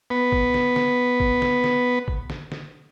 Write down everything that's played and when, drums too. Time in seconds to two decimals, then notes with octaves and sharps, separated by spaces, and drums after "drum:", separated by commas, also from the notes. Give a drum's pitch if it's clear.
0.10 B3 B4
0.32 drum: kick G#1
0.54 drum: snare
0.76 drum: snare
1.20 drum: kick G#1
1.42 drum: snare
1.64 drum: snare
2.08 drum: kick G#1
2.30 drum: snare
2.52 drum: snare